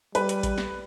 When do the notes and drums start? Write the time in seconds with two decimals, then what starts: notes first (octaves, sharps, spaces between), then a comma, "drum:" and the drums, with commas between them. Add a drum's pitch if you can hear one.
0.15 G3 B4, drum: hi-hat
0.29 drum: hi-hat
0.43 drum: kick A1, hi-hat
0.58 drum: snare